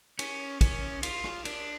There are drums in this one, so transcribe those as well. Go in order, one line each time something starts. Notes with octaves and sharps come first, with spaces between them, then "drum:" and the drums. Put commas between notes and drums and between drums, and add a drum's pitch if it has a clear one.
C#4, drum: cymbal
C#4, drum: kick, cymbal
F4, drum: cymbal
drum: rim click
D4, drum: cymbal